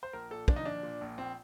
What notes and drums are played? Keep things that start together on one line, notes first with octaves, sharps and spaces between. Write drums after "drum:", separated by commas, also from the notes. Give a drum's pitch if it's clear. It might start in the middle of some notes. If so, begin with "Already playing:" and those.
C5
A#1 A#4
A#2 A4
F3 D4, drum: kick
D#4
A#2 D4
A#2
A#1
A#1 C4